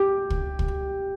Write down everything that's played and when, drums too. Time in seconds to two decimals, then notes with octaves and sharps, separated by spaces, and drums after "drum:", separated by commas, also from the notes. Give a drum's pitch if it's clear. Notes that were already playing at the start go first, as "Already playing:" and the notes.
Already playing: G4
0.30 drum: kick
0.59 drum: kick